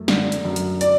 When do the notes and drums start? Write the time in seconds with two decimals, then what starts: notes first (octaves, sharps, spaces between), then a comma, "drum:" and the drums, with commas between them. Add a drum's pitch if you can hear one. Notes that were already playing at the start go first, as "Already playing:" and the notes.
Already playing: F#2 A3
0.08 D3, drum: snare
0.32 drum: hi-hat
0.45 F#2
0.56 drum: hi-hat
0.81 D5, drum: hi-hat